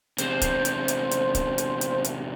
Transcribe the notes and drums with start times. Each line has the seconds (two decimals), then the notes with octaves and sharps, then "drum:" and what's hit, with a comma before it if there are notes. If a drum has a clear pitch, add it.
0.18 E2 C3 C5, drum: hi-hat
0.42 drum: kick D1, hi-hat
0.65 drum: hi-hat
0.88 drum: hi-hat
1.11 drum: hi-hat
1.35 drum: kick D1, hi-hat
1.58 drum: hi-hat
1.81 drum: hi-hat
2.04 drum: hi-hat